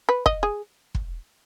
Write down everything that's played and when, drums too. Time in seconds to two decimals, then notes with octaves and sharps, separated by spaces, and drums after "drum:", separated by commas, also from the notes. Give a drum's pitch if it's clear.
0.09 B4
0.26 D#5, drum: kick
0.43 G#4
0.95 drum: kick